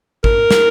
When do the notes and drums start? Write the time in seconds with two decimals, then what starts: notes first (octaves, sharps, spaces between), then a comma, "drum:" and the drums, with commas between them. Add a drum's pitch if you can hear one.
0.24 A#4, drum: kick G#1
0.51 drum: snare